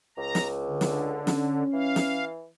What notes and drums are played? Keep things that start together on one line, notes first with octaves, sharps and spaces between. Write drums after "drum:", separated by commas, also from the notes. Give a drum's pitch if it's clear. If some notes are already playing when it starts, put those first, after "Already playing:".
C#2 A#5
drum: snare
D3
drum: snare
C#4, drum: snare
E3 F5
drum: snare